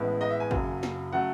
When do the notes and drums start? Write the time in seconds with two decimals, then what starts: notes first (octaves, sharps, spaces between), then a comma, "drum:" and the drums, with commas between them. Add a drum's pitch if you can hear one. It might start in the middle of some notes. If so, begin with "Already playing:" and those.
Already playing: A1 A2 G#3 B3 E4
0.21 D#5
0.30 E5
0.40 G#5
0.51 F#1 F#2 C#3 F#3, drum: kick G#1
0.83 drum: snare
1.13 C#3 F#3 A3 F#5